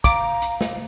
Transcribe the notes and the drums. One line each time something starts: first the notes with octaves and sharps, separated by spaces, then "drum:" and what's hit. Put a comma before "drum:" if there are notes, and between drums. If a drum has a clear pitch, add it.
F5 A#5 D6, drum: kick, hi-hat
drum: hi-hat
drum: snare